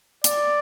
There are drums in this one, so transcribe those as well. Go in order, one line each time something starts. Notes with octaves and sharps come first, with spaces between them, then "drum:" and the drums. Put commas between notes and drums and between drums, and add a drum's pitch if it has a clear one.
D5, drum: hi-hat